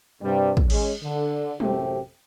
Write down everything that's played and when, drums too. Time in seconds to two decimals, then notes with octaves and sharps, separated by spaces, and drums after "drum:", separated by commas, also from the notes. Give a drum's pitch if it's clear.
0.22 G2 C3 G3
0.57 drum: kick
0.70 G#3 C#4, drum: cymbal
1.02 D3
1.60 A1 F#2 C3 A3 C4 G4, drum: tom G3